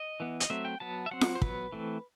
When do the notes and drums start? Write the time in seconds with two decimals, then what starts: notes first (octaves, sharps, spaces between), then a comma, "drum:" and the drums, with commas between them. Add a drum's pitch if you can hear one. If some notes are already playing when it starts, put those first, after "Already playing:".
Already playing: D#5
0.20 E3 B3
0.40 D#5, drum: hi-hat
0.50 F#3 A3 C4 E5
0.65 G5
0.80 F#3 B3 A5
1.06 E5
1.11 F#3 C4 F#5
1.21 drum: snare F4
1.35 C5
1.42 F#3 B3 B4, drum: kick
1.72 E3 A3 C4